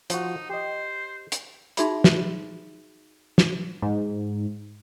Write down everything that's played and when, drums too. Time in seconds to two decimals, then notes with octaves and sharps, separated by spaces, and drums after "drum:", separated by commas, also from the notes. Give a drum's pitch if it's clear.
0.10 F3 D#4 F#4, drum: hi-hat
0.50 G4 C5 D#5
1.32 drum: hi-hat
1.77 D#4 F#4 G#4 E5 B5 C6, drum: hi-hat
2.04 drum: snare
3.38 drum: snare
3.82 G#2